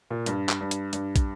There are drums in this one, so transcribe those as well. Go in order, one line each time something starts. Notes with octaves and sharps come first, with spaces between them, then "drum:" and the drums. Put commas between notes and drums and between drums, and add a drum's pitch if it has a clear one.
A#2
G2, drum: hi-hat
drum: clap
G2
drum: hi-hat
G2, drum: hi-hat
drum: kick, hi-hat